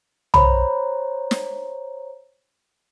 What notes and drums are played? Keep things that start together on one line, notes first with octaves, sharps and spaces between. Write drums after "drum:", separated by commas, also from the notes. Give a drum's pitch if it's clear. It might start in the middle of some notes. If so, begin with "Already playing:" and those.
C5 C#5 A#5 B5, drum: tom B1
drum: snare